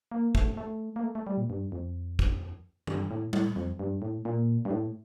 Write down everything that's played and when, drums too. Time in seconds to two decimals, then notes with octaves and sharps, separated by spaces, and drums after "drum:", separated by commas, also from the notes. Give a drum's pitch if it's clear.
0.11 A#3
0.35 A3, drum: kick
0.57 A3
0.96 A#3
1.04 A3
1.15 A3
1.27 G3
1.38 A#2
1.50 G2
1.72 F2
2.19 drum: kick
2.87 G2, drum: tom D#3
3.11 A2
3.33 A2, drum: tom G3
3.56 F2
3.79 G2
4.02 A2
4.25 A#2
4.65 G2
4.71 A2